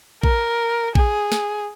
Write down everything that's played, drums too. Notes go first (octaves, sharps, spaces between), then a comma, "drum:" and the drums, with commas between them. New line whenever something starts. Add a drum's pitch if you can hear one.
A#4, drum: kick
G#4, drum: kick
drum: snare